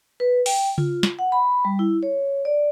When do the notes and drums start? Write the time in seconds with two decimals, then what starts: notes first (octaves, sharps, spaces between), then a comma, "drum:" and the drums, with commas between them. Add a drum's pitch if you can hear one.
0.20 B4
0.46 G5, drum: open hi-hat
0.78 F4, drum: tom C#3
1.03 drum: snare
1.19 F#5
1.32 B5
1.65 G3
1.79 E4
2.03 C#5
2.45 D5